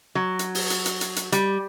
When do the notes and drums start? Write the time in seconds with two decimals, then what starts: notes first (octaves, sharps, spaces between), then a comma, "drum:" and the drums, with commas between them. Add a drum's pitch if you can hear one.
0.15 F#3
0.39 drum: hi-hat
0.55 drum: open hi-hat
0.70 drum: hi-hat
0.86 drum: hi-hat
1.01 drum: hi-hat
1.16 drum: hi-hat
1.32 G3, drum: hi-hat